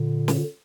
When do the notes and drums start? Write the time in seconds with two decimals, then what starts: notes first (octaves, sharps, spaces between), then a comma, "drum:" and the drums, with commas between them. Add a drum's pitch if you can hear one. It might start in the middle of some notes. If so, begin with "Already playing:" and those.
Already playing: A#2 D3
0.28 drum: snare